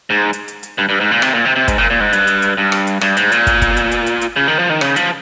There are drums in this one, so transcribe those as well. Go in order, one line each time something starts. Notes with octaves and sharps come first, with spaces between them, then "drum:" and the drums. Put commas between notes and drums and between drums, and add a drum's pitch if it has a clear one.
G#2
drum: hi-hat
drum: hi-hat
drum: hi-hat
G2
G2
G#2
A#2
C3, drum: rim click
A#2
C3
C3
G#2, drum: kick, hi-hat
A#2
A#2
G#2
G2, drum: hi-hat
drum: hi-hat
drum: hi-hat
G2
drum: rim click
drum: hi-hat
G2, drum: rim click
G#2, drum: hi-hat
A#2, drum: hi-hat
drum: kick, hi-hat
drum: kick, hi-hat
drum: hi-hat
drum: hi-hat
drum: hi-hat
drum: hi-hat
C#3
D#3
F3
D#3
C#3, drum: rim click
F3, drum: hi-hat